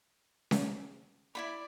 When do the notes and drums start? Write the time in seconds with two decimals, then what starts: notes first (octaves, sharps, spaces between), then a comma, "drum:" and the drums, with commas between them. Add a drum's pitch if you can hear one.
0.51 drum: snare C#4
1.35 E4 F4 D5 B5